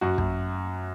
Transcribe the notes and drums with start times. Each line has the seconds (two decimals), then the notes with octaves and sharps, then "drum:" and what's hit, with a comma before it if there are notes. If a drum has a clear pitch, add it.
0.01 F#2 F#4
0.18 F#2, drum: kick